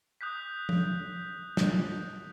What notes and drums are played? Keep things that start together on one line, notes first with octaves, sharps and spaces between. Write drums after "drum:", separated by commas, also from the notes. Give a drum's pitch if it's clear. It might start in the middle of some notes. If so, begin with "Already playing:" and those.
D#6 F#6 G6 B6
drum: tom
drum: snare